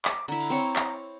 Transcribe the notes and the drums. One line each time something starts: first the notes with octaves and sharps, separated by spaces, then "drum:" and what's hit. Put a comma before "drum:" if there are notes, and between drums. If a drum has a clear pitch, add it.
D6, drum: clap
D3 E4 A#5
drum: cymbal
C4 C#5
drum: clap